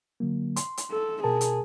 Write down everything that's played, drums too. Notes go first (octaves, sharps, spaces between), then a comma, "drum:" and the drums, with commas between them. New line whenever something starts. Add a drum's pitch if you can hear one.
D3 F#3 A#3
C6, drum: hi-hat
drum: hi-hat
A4
B2 G#4 A#4 A5
drum: hi-hat